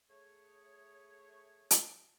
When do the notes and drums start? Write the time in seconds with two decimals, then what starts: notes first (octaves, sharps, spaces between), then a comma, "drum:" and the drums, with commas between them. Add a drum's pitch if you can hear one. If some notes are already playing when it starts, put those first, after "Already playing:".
0.10 A3 G#4 C#5
1.71 drum: hi-hat